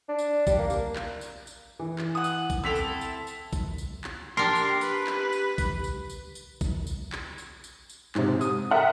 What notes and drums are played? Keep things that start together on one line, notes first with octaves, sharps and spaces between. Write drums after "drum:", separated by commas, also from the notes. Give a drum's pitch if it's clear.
D4
drum: tambourine
G3, drum: kick A#1, tambourine
A#3
drum: tambourine
drum: clap
drum: tambourine
drum: tambourine
E3
drum: clap
F#5 D#6
drum: tambourine
drum: kick A#1, tambourine
C4 E4 A4 E6 B6 F7
drum: tambourine
drum: tambourine
drum: tambourine
drum: kick A#1, tambourine
drum: tambourine
drum: clap
D4 G4 A#4 C6
drum: tambourine
G4 B4, drum: tambourine
drum: clap
drum: tambourine
drum: kick A#1, tambourine
drum: tambourine
drum: tambourine
drum: tambourine
drum: kick A#1, tambourine
drum: tambourine
drum: clap
drum: tambourine
drum: tambourine
drum: tambourine
G#2 C3, drum: clap
D#6, drum: tambourine
A#4 E5 F#5 G5